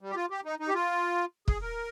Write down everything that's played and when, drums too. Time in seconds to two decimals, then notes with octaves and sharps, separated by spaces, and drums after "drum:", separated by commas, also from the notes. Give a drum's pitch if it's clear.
0.01 G3
0.10 G4
0.15 F4
0.30 G4
0.45 D#4
0.60 D#4
0.68 G4
0.74 F4
1.48 G#4, drum: kick
1.61 A#4